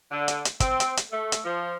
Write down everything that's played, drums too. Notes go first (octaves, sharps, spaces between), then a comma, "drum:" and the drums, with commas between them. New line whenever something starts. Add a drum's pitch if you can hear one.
D3
drum: hi-hat
drum: hi-hat
C4, drum: kick, hi-hat
drum: hi-hat
drum: hi-hat
A3
drum: hi-hat
F3